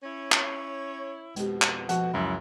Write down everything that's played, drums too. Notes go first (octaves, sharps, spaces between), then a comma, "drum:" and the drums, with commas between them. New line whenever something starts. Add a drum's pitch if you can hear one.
C#4 E4 C#5
drum: clap
F2 B2 G#3 G4, drum: hi-hat
drum: clap
F3 F#4 F#5 A5, drum: hi-hat
C#2 F#2 E4